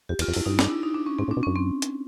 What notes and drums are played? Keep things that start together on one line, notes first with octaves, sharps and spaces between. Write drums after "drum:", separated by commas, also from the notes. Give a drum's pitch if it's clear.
F2 G4
E2, drum: cymbal
F4
F2
F#2 E4, drum: open hi-hat
G2 D#4
D4, drum: snare
E4
D#4
D4
C#4
G#2 C4
A2
D4
B2
F#2 C#4
C4
drum: hi-hat